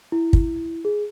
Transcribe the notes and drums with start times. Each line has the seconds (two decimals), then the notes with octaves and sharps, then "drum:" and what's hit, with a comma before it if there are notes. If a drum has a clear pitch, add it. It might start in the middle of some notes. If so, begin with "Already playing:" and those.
0.12 E4
0.33 drum: kick
0.85 G#4